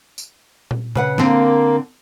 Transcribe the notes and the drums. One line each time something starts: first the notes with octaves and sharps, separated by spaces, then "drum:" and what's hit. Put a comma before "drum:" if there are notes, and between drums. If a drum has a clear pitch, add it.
drum: tambourine
drum: tom A#2
C#3 B4 F#5, drum: tom A#2
D3 A#3 C4, drum: snare